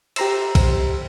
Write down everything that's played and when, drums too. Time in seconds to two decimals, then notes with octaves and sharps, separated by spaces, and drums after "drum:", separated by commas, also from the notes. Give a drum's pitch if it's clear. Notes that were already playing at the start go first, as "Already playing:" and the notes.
0.16 G4 C5 A#5 C6 E6, drum: cymbal
0.55 drum: kick B1, cymbal